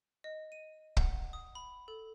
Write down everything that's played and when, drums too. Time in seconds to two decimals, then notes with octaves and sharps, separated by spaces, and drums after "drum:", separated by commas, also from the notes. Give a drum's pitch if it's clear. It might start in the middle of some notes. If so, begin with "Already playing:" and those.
0.24 D#5
0.52 D#7
0.97 F#5, drum: kick
1.33 D#6
1.55 B5
1.88 A4